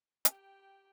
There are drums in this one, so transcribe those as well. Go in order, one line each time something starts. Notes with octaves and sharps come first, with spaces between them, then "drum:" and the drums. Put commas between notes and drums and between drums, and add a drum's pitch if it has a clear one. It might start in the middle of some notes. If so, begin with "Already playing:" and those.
G4 G5, drum: hi-hat